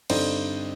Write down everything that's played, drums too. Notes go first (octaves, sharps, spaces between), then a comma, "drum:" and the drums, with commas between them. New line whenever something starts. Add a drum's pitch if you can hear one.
G2 D3 G3 C4 D#4 C5 D5, drum: cymbal